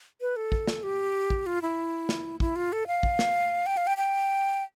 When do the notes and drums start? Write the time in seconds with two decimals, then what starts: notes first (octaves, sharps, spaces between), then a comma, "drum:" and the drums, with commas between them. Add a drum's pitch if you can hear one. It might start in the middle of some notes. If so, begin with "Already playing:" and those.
0.21 B4
0.36 A4
0.52 drum: kick
0.67 drum: snare
0.83 G4
1.30 drum: kick
1.46 F4
1.62 E4
2.09 drum: snare
2.40 E4, drum: kick
2.56 F4
2.72 A4
2.87 F5
3.03 drum: kick
3.19 drum: snare
3.66 G5
3.77 F5
3.87 G5
3.97 G5